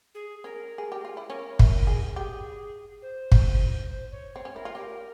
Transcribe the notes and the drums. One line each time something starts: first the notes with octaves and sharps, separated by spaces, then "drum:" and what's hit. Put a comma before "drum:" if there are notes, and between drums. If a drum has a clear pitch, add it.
G#4
C#4 A#4
G#4
G4
F4
E4
C#4 A#4
E4, drum: kick
G#4
G4 G#4
C5
drum: kick
C5
C#5
C4 C#5
C#4
E4 A#4
F4
G4 A#4